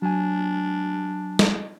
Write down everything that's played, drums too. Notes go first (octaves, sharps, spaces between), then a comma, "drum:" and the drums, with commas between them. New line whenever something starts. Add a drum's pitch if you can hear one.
F#3 D4 G#5
drum: snare